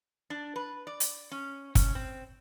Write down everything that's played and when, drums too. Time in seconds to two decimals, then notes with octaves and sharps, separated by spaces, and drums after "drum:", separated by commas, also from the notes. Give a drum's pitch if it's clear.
0.30 D4
0.56 B4
0.87 D5
1.00 drum: hi-hat
1.31 C#4
1.75 C#4, drum: kick, hi-hat
1.95 C4